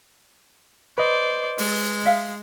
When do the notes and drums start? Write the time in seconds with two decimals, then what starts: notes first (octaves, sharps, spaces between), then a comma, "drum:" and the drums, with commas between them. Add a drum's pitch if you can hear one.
0.98 B4 C5 D5 D#5
1.58 G#3, drum: open hi-hat
2.05 E5 F5